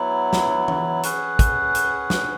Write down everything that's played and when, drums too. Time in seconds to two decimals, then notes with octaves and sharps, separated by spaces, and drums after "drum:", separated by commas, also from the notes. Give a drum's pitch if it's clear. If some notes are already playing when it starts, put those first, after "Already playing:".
Already playing: F#3 B3 E4
0.33 drum: snare
0.68 drum: tom E3
1.03 C#4 G#4 B4 F#5, drum: hi-hat
1.39 drum: kick, hi-hat
1.75 drum: hi-hat
2.10 drum: snare